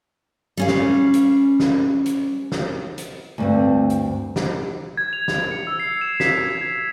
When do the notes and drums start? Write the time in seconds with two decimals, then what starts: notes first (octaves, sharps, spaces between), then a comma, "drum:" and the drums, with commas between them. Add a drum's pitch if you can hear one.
0.57 G3 C#4 F5
0.68 drum: snare
1.14 drum: hi-hat
1.60 drum: snare
2.06 drum: hi-hat
2.52 drum: snare
2.98 drum: hi-hat
3.38 D2 G2 C4
3.90 drum: hi-hat
4.36 drum: snare
4.97 G#6
5.13 F7
5.28 drum: snare
5.51 C#7
5.67 E6
5.80 C7
6.01 E7
6.20 B6, drum: snare
6.44 G#6
6.61 G#6